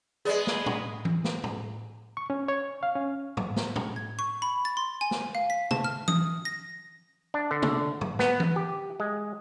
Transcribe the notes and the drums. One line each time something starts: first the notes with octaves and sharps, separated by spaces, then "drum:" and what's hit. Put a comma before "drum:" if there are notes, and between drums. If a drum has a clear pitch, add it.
G#3 B3 G#4 D5
drum: snare
drum: tom
drum: tom E3
drum: snare
drum: tom
C#6
C#4
C#5
F5
C#4
drum: tom
drum: snare
drum: tom
G#6
C#6
B5
A6
C6
G#5
drum: snare
F5
B6
A5, drum: tom
F6
D#6, drum: tom E3
A#6
D4
D3
drum: tom
drum: tom
B3, drum: snare
drum: tom E3
G4
G#3